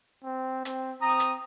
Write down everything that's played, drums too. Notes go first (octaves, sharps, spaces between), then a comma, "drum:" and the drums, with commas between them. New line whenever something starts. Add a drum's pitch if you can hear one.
C4
C4, drum: hi-hat
C4 A#5 D#6
drum: hi-hat